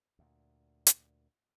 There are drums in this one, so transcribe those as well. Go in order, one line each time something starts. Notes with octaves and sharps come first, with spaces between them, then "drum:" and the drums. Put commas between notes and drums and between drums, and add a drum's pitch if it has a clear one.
D2 A#2
drum: hi-hat